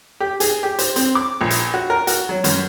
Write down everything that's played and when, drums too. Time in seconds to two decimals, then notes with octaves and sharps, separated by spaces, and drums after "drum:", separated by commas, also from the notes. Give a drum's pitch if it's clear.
0.20 G4
0.40 G#4, drum: hi-hat
0.63 G4
0.79 C5, drum: hi-hat
0.96 C4, drum: hi-hat
1.15 D6
1.41 A#1
1.50 drum: hi-hat
1.74 F#4
1.90 A#4
2.07 F#4, drum: hi-hat
2.29 F#3
2.44 F#2, drum: hi-hat